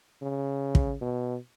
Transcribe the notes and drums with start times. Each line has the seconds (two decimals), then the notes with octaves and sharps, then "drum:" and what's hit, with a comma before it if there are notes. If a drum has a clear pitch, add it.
0.22 C#3
0.75 drum: kick
1.01 B2